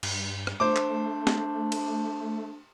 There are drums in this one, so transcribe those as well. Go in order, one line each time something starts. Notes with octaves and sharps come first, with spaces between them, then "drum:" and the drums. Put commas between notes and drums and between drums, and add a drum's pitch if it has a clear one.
G2, drum: cymbal
drum: rim click
A3 D4 C5 D6
drum: clap
drum: snare
drum: cymbal